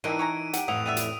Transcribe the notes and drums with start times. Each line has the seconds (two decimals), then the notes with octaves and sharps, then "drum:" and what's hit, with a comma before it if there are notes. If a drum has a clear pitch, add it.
0.04 E3 F3 G3 A#3 C4 D#4 D7 D#7
0.19 C#5 G#5 A#5
0.53 G4 F#5, drum: hi-hat
0.68 F2 A2 E3 F#5 D#6 F7
0.86 G3 B3 E5 D#7
0.97 drum: hi-hat